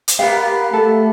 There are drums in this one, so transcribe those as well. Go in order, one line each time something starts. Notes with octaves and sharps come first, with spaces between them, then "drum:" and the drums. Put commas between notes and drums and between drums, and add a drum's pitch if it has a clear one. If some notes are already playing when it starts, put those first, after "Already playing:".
drum: hi-hat
A#3 B3 G4 F5
A3 A4